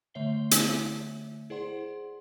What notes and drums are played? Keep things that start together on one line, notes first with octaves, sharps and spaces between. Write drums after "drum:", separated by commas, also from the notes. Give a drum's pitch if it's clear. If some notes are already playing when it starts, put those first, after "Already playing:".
D3 A3 C#5 E5 C7 G7
drum: hi-hat
E4 G#4 C5 D5 F#5 C6